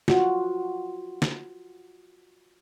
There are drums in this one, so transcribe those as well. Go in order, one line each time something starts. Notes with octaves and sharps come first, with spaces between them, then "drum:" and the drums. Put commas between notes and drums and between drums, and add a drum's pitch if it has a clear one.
F4 F#4, drum: snare
drum: snare